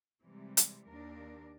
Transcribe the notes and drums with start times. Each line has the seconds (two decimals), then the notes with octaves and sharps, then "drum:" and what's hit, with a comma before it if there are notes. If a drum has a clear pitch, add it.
0.22 C3 E3 G3 G#3
0.57 drum: hi-hat
0.87 D#2 D4 A#4